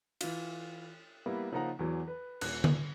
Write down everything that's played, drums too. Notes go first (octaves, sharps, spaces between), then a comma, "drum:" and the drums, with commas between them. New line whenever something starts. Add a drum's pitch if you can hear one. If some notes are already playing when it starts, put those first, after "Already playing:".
E3 F4, drum: cymbal
G3 A#3 B3 E4
C#3 F3 A#3 D#4 F#5 A#5
E2 E3 F#3
B4
D#1 F#6, drum: cymbal
drum: tom D3